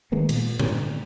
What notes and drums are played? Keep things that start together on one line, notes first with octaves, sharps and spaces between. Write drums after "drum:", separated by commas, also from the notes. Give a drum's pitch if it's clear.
D#3 G#3 A#3 B3
A#2, drum: cymbal
D3, drum: tom A2